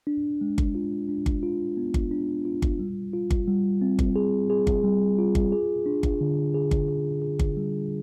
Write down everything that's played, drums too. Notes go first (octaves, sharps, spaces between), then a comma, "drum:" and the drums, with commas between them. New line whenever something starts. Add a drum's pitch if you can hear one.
D4
G#3
drum: kick G1
F4
D4
drum: kick G1
F4
B3
drum: kick G1
D4
F4
drum: kick G1
G3
F4
drum: kick G1
G3
C4
drum: kick G1
G#4
G#4
drum: kick G1
G3
F4
drum: kick G1
G#4
D4
drum: kick G1
D3
G#4
drum: kick G1
G#4
G#4
drum: kick G1
G3